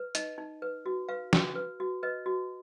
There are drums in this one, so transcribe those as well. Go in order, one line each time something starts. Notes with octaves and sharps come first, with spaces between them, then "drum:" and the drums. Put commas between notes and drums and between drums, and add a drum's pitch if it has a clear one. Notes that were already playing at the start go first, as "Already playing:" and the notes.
Already playing: B4
D#4 D#5, drum: hi-hat
D#4
B4
F#4
B4 F5
F#4, drum: snare
B4
F#4
B4 D#5
F#4